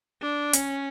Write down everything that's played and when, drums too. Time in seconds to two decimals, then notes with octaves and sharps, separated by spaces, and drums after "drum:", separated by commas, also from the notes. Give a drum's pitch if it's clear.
0.22 D4
0.53 C#4, drum: hi-hat